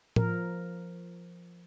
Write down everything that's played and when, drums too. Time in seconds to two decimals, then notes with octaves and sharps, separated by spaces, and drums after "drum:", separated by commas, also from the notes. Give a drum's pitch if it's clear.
0.16 F3 A#4, drum: tom A2